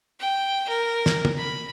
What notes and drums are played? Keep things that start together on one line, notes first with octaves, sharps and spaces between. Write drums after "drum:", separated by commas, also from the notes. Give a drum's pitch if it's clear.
G5
A#4
drum: snare
drum: tom
B5